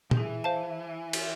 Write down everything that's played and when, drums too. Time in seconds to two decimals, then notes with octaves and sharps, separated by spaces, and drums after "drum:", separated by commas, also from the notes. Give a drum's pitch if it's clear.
0.11 D#3, drum: tom
0.17 E3 G#4
0.44 C5 F5 A5
1.13 drum: cymbal